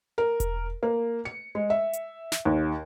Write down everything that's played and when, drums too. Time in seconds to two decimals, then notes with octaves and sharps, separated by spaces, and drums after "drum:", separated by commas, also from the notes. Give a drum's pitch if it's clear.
0.18 A#4
0.40 drum: kick E1, hi-hat
0.83 A#3
1.25 C#7
1.55 G#3
1.70 E5
1.93 drum: hi-hat
2.32 drum: snare
2.45 D#2